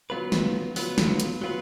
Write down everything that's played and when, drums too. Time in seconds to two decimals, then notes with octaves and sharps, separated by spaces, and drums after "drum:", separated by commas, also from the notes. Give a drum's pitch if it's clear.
0.10 F#3 B3 F4 B4
0.32 drum: snare
0.76 F#3 B3 F4 B4, drum: open hi-hat
0.98 drum: snare
1.20 drum: hi-hat
1.41 F#3 B3 F4 B4